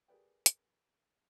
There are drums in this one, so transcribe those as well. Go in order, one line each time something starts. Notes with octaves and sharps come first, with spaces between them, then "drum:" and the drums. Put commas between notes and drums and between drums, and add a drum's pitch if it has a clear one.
G4 G#4 A#4 B4 D5 G5
drum: hi-hat